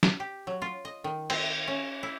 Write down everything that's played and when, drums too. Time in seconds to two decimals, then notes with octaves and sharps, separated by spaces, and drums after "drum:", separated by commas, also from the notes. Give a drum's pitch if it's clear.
0.03 drum: snare
0.20 G4
0.47 F#3
0.62 F4
0.85 D#5
1.04 D#3
1.30 C4, drum: cymbal
1.68 C#4
2.03 E4